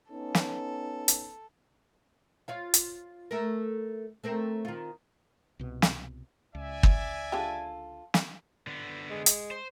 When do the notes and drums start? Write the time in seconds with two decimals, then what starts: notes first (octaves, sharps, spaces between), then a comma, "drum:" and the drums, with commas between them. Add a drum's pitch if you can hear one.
0.12 B3 C#4 D#4 A4
0.35 drum: snare
1.08 drum: hi-hat
2.48 F4 C#5 F5
2.74 drum: hi-hat
3.31 A3 A#4
4.24 A3 C4 A#4
4.65 D#3 F4
5.59 C2 B2
5.82 drum: snare
6.55 C#2 D5 E5 G#5
6.83 drum: kick
7.32 D3 G#3 F4 G4 A4
8.14 drum: snare
8.67 D3 B3
9.10 G#3
9.26 drum: hi-hat
9.51 C5